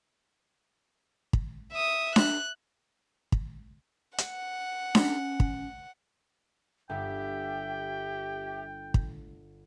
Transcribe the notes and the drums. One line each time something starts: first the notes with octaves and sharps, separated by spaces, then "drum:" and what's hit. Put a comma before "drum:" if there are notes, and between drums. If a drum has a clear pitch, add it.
drum: kick
E5 D#6
F#6, drum: snare D4
drum: kick
F#5, drum: hi-hat
C#4, drum: snare D4
drum: kick
G1 G4 E5 G5
drum: kick